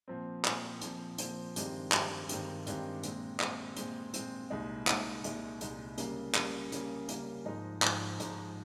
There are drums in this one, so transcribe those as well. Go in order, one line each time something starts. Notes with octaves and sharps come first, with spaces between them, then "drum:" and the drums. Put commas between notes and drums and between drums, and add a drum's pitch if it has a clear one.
A#2 F3 C4
A#2 F3 C4, drum: clap
A#2 F3 C4, drum: hi-hat
A#2 F3 C4, drum: hi-hat
G2 D#3 G#3 C4 G4, drum: hi-hat
G2 D#3 G#3 C4 G4, drum: clap
G2 D#3 G#3 C4 G4, drum: hi-hat
G2 D#3 G#3 C4 G4, drum: hi-hat
A#2 G#3 C4, drum: hi-hat
A#2 G#3 C4, drum: clap
A#2 G#3 C4, drum: hi-hat
A#2 G#3 C4, drum: hi-hat
C2 A#2 G#3 D#4
C2 A#2 G#3 D#4, drum: clap
C2 A#2 G#3 D#4, drum: hi-hat
C2 A#2 G#3 D#4, drum: hi-hat
C#3 G3 A#3, drum: hi-hat
C#3 G3 A#3, drum: clap
C#3 G3 A#3, drum: hi-hat
C#3 G3 A#3, drum: hi-hat
G#2 F3 G#3 D#4
G#2 F3 G#3 D#4, drum: clap
G#2 F3 G#3 D#4, drum: hi-hat